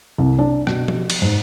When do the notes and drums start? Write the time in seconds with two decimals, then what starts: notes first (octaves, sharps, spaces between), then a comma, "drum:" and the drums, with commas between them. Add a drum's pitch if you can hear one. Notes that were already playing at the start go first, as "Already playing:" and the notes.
0.18 C2
0.39 D4
0.67 B2, drum: rim click
0.88 drum: tom F3
1.10 drum: cymbal
1.22 G#2